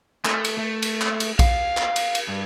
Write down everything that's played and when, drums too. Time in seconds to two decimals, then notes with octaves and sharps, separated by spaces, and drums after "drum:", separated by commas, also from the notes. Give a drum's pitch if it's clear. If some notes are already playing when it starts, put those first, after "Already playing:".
0.25 A3, drum: clap
0.45 drum: cymbal
0.58 A3
0.82 drum: cymbal
1.01 drum: clap
1.20 drum: cymbal
1.39 F5, drum: kick A#1, cymbal
1.77 drum: clap
1.96 drum: cymbal
2.15 drum: cymbal
2.28 G2